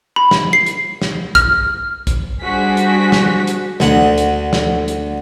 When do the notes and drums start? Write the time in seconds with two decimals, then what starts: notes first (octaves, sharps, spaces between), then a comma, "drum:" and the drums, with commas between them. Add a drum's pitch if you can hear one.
0.16 B5
0.31 drum: snare
0.53 C7
0.66 drum: hi-hat
1.02 drum: snare
1.35 F6, drum: kick, hi-hat
2.07 drum: kick, hi-hat
2.42 G3 D4 F#4 G#4 C5 B6
2.77 drum: hi-hat
3.12 drum: snare
3.47 drum: hi-hat
3.80 D2 F#5, drum: snare
4.18 drum: hi-hat
4.53 drum: snare
4.88 drum: hi-hat